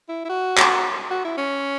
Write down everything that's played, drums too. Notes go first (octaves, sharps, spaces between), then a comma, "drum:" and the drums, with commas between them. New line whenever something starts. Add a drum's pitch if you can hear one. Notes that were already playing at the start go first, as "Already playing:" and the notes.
E4
E4
F#4
drum: clap
F#4
E4
C#4